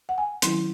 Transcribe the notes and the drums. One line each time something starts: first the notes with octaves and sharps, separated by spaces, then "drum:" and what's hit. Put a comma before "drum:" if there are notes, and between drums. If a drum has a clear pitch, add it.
F#5
G#5
D#3 F#3 C#4 E4 C6, drum: hi-hat